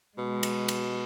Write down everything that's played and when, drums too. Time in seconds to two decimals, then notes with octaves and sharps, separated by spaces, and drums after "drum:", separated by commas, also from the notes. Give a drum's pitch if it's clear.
0.17 B2 G#3
0.43 drum: cymbal
0.68 drum: cymbal